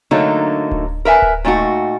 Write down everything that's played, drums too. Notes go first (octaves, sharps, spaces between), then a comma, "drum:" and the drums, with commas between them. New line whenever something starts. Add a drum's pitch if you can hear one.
D3 F#3 A3 A#3 D#4
drum: kick D1
A#4 B4 E5 G#5
drum: kick D1
A#2 A3 D#4 F#4